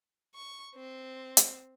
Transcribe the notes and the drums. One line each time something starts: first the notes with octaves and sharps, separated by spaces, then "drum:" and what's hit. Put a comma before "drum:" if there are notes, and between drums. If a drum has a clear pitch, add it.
C#6
C4
drum: hi-hat